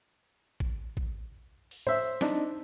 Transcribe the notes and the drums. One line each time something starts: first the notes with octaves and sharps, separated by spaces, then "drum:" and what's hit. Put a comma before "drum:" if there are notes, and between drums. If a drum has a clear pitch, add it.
drum: kick
drum: kick
drum: open hi-hat
C5 E5, drum: tom A2
C4 D4 D#4, drum: snare